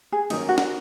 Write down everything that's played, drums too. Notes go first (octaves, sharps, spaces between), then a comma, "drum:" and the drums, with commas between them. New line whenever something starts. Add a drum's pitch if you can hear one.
G#4
D#3 F#3 A#3 C#4 D#4 A#4, drum: cymbal
F#4
drum: snare